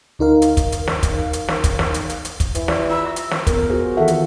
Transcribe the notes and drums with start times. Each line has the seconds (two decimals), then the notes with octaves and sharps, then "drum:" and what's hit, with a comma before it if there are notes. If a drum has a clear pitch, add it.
0.19 D2 D#4 A#4 F5
0.42 drum: hi-hat
0.57 drum: kick, hi-hat
0.72 drum: hi-hat
0.87 drum: snare
1.03 drum: kick, hi-hat
1.33 drum: hi-hat
1.48 drum: snare
1.64 drum: kick, hi-hat
1.79 drum: snare
1.94 drum: hi-hat
2.09 drum: hi-hat
2.25 drum: hi-hat
2.40 drum: kick, hi-hat
2.55 E3, drum: hi-hat
2.68 G4 D5, drum: snare
2.90 F4 B5 E6
3.05 E5 C#6
3.16 drum: hi-hat
3.31 drum: snare
3.47 B3 F4 A#4, drum: kick, hi-hat
3.69 F#4 G#4 C5
3.97 D#3 E3 F4 A4 E5 F#5
4.08 drum: hi-hat